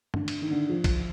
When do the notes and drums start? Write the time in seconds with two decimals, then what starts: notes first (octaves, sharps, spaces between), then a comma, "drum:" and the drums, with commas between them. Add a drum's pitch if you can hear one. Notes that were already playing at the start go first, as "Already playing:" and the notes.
0.14 D3, drum: tom G2
0.28 drum: cymbal
0.42 D#3
0.51 D3
0.70 F3
0.84 drum: kick B1, cymbal